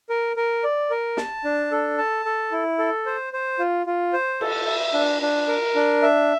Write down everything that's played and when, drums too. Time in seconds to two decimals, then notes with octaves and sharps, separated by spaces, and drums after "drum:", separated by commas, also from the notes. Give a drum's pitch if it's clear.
0.10 A#4
0.36 A#4
0.64 D5
0.90 A#4
1.17 A5, drum: snare
1.44 D4
1.71 A4
1.98 A5
2.25 A4
2.52 E4
2.78 A4
3.06 C5
3.33 C5
3.59 F4
3.86 F4
4.13 C5
4.41 A4, drum: cymbal
4.67 E5
4.94 D4
5.22 D4
5.48 A#4
5.75 D4
6.02 E5